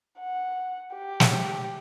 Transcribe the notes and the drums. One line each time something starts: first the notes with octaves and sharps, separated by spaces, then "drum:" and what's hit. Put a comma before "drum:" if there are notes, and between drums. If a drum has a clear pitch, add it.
F#5
G4
drum: snare